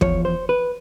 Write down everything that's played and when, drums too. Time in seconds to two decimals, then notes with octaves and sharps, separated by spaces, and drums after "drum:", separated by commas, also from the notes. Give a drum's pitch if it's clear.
0.01 E2 C#3 F3 C#5, drum: kick
0.25 C5
0.49 B4